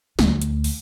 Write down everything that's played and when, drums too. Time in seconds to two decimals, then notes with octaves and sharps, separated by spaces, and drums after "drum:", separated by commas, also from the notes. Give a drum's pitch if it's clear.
0.19 D2, drum: snare
0.41 drum: hi-hat
0.64 drum: open hi-hat